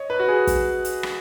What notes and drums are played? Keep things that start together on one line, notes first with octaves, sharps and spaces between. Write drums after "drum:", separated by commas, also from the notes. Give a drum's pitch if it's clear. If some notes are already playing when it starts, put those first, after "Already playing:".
Already playing: C#5 D#5
B4
F#4
G#4
drum: kick, hi-hat
drum: hi-hat
drum: rim click